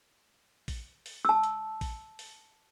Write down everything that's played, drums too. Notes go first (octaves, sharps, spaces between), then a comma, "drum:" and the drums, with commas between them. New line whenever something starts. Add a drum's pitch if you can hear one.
drum: kick, open hi-hat
drum: open hi-hat
A5 E6
drum: hi-hat
drum: kick, open hi-hat
drum: open hi-hat